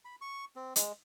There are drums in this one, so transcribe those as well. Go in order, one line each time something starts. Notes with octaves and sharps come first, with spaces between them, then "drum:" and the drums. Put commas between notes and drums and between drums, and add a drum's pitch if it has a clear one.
B5
C#6
C4
G#3, drum: hi-hat